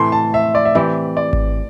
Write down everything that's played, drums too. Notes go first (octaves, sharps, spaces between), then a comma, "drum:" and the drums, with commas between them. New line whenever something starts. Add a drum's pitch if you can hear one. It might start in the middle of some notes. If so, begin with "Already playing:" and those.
Already playing: A2 C3 E3 A3 C6
A5
E5
D5
E5
E3 C4 G4 D5
D5
drum: kick G#1